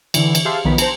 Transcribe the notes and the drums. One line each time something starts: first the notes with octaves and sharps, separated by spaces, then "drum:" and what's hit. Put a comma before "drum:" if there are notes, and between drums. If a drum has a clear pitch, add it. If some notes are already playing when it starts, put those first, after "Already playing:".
D3 E3, drum: cymbal
drum: cymbal
G4 G#4 E5 F5 A5 C6
B1 D#3 F3 B3 B5
C5 A5 A#5, drum: cymbal